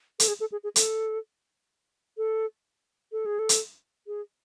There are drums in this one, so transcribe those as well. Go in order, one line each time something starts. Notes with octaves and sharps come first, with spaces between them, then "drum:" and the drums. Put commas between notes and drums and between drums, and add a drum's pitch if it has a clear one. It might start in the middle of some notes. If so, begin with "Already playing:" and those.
A4, drum: hi-hat
G#4
A4
G#4
G#4
A4, drum: hi-hat
A4
A4
G#4
A4
drum: hi-hat
G#4